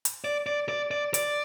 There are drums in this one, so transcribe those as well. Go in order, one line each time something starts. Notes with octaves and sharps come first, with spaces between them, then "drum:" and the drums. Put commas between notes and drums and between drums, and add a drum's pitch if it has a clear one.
drum: hi-hat
D5
D5
D5
D5
D5, drum: hi-hat